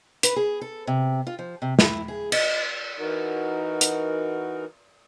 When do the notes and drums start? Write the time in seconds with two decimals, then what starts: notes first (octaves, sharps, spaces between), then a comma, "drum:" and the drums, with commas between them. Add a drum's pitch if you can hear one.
0.23 B4, drum: hi-hat
0.36 G#4
0.61 A4
0.87 C3
1.27 F4
1.39 F3
1.62 C3
1.79 E4, drum: snare
2.08 G#4
2.32 D#5, drum: cymbal
2.99 E3 D#4 F#4 A#4
3.81 drum: hi-hat